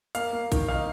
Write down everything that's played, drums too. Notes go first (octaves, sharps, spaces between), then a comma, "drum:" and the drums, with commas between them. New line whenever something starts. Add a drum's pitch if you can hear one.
A#3 F5, drum: hi-hat
A#3
D#3, drum: kick A#1, hi-hat
D#4 F5